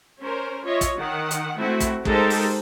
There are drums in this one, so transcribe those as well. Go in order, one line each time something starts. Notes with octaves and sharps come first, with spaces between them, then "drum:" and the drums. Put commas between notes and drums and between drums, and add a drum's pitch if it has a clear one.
C#4 A#4 C5
F4 C#5 D#5 E5
drum: kick, hi-hat
D#3 F#5
drum: hi-hat
A3 C4 E4 F#4
drum: kick, hi-hat
G#3 D#4 G4 A4 A#4 C5, drum: kick
drum: open hi-hat